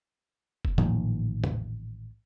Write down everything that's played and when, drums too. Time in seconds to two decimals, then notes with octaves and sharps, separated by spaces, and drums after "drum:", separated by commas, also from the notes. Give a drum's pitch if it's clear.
0.65 drum: kick F1
0.78 A1 A#2 D#3 F3, drum: tom
1.44 drum: tom